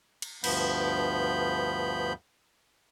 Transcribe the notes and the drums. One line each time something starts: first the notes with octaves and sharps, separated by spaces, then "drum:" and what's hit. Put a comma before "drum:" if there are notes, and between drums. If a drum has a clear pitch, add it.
drum: cymbal
D2 G2 F3 B3 B5 G6, drum: cymbal